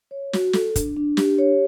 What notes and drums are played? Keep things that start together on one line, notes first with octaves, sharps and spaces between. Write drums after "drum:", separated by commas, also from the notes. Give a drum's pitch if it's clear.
C#5
F#4, drum: snare
A4, drum: snare
D4, drum: kick, hi-hat
D4
G4, drum: snare
C#5